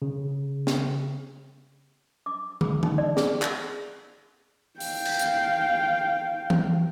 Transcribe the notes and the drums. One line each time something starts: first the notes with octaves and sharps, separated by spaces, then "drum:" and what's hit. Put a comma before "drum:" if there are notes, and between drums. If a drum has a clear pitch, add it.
C#3
drum: snare
D6
G#4, drum: tom
D#4, drum: tom
D5
G#4, drum: snare
drum: clap
F5 G5, drum: open hi-hat
drum: cymbal
drum: hi-hat
drum: tom E3